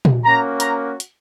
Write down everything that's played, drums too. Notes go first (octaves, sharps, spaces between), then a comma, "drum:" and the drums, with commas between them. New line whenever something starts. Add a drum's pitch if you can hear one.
drum: tom A#2
A#3 C#4 F#4 A#5
A#5, drum: hi-hat
drum: hi-hat